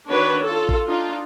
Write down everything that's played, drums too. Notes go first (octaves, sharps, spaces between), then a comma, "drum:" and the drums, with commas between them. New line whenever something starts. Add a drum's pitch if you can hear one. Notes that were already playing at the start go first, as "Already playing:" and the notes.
D#3 D4 F#4 B4 C#5
F4 A4
drum: kick
D4 D#4 F4